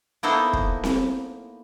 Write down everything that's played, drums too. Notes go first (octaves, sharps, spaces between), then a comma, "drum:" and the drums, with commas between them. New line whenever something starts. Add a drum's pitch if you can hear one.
A#3 B3 D#4 E4 A4 C5
drum: kick
drum: snare C4